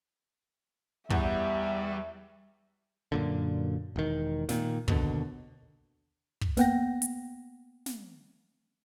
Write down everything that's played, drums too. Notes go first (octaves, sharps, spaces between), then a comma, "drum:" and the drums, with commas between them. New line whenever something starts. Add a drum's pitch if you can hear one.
E2 E3 G3 E5 F#5, drum: kick
F#2 A#2 D3
E1 D#3
A#2 D#3, drum: snare
D#2 B2 D3, drum: kick
drum: kick
A#3 B3 F#5 G5 A#6, drum: snare
drum: hi-hat
drum: snare